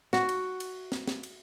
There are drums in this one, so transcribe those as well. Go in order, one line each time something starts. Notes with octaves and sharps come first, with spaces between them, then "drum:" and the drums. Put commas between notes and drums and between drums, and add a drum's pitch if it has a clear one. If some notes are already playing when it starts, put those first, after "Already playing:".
F#4, drum: snare
drum: cymbal
drum: cymbal
drum: snare
drum: snare
drum: cymbal